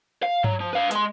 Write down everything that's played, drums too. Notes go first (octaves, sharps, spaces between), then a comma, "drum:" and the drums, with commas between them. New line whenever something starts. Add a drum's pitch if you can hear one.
F5
F#3, drum: tom G2
F3
B4 F5
G#3 C6, drum: hi-hat